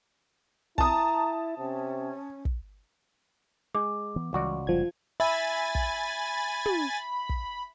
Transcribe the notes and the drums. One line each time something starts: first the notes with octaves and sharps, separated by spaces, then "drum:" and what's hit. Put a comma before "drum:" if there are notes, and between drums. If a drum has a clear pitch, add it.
E4 A5 A#5 D#6, drum: kick
C3 C#4
drum: kick
G#3 D6
E3 B3
C#2 C#3 E3 G3 F#4 D5
F1 F3 G3 G#6
E5 G#5 B5 A6
drum: kick
drum: tom
drum: kick